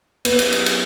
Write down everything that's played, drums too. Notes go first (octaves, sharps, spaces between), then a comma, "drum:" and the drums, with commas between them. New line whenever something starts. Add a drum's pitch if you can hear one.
F#3 B3 C#4 G#4, drum: cymbal
drum: cymbal
drum: cymbal
drum: cymbal